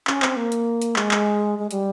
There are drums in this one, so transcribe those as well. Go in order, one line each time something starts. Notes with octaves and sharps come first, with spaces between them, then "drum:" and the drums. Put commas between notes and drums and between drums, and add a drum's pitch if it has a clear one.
C#4, drum: clap
C4, drum: clap
A#3
drum: hi-hat
drum: hi-hat
G#3, drum: clap
drum: clap
G#3
G3, drum: hi-hat